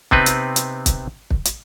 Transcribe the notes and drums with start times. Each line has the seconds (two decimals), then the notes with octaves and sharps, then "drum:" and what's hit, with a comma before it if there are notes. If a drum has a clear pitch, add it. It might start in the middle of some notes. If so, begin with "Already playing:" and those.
0.11 C3 B3 C4 D#4 B4, drum: kick
0.26 drum: hi-hat
0.56 drum: hi-hat
0.86 drum: kick, hi-hat
1.30 drum: kick
1.45 drum: hi-hat